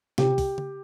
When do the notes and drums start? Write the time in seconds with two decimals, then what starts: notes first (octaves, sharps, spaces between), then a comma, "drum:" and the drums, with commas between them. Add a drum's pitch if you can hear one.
0.18 C3 G4, drum: snare
0.38 drum: kick, open hi-hat
0.58 drum: tom C#3